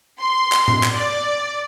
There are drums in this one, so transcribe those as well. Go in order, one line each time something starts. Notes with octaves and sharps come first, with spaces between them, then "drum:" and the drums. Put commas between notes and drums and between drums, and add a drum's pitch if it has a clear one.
C6
drum: clap
drum: tom A2
drum: clap
D5